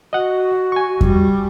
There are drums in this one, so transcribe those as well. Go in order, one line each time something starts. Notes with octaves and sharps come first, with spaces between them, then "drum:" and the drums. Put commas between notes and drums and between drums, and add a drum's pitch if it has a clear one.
F#4 D#5 F#5
G#5 C#6
G3, drum: kick E2